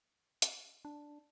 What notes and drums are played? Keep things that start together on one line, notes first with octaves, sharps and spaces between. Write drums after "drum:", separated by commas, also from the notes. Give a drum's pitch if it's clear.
drum: hi-hat
D4